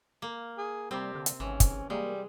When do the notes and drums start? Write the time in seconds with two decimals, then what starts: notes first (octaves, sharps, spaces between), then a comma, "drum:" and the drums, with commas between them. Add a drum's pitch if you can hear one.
0.22 A#3
0.58 G#4
0.91 C3 G3 C4 G4
1.15 D3
1.26 drum: hi-hat
1.40 G#1 E3 C#4
1.60 drum: kick, hi-hat
1.90 G3 G#3 A#3